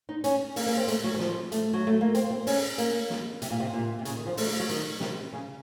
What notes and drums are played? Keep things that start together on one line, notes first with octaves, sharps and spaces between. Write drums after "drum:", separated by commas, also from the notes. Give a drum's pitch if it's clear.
D#4
C#4, drum: hi-hat
A#3, drum: open hi-hat
A#3
C4
A3, drum: hi-hat
F#3
F#3
F3, drum: snare
A3, drum: hi-hat
F#3
A3
A#3
C4, drum: hi-hat
C4
C#4, drum: open hi-hat
A#3, drum: hi-hat
drum: snare
C3, drum: hi-hat
A#2
C3
A#2
C3
C#3, drum: hi-hat
D#3
F3
A3, drum: open hi-hat
F#3
F3
F#3
D#3, drum: hi-hat
C3, drum: snare
C#3